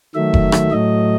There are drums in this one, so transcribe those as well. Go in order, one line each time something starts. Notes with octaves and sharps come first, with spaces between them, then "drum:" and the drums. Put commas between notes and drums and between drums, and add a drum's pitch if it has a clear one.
D#3 F#3 A3 E5
drum: kick F1
drum: rim click
A2 F#3 A3 D#5